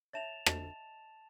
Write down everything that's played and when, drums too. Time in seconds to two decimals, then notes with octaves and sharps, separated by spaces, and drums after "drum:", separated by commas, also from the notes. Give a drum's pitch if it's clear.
0.13 C#5 E5 A5 A6 E7 F7
0.46 D#5 A5, drum: rim click